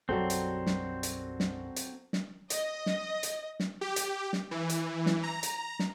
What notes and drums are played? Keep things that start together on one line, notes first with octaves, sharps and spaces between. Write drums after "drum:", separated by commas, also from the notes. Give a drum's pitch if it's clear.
B1 F#2 F#3 G3 C4 F#4 A4
drum: hi-hat
drum: snare
drum: hi-hat
drum: snare
drum: hi-hat
drum: snare
D#5, drum: hi-hat
drum: snare
drum: hi-hat
drum: snare
G4
drum: hi-hat
drum: snare
E3
drum: hi-hat
drum: snare
A#5
drum: hi-hat
drum: snare